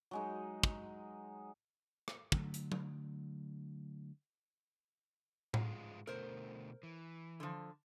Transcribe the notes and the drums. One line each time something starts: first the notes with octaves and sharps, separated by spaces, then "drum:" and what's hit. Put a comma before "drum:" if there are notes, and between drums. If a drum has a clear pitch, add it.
F#3 G#3 D#4
drum: kick
drum: rim click
D3 F#3 A3, drum: kick
drum: hi-hat
drum: tom F#3
G#2 G#3 F4, drum: tom A2
B2 D3 A3 A#4 C5
E3
D3 F3